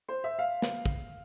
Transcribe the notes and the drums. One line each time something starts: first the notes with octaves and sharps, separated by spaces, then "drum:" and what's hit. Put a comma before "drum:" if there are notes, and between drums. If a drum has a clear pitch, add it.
C5
E5
F5
drum: snare
drum: kick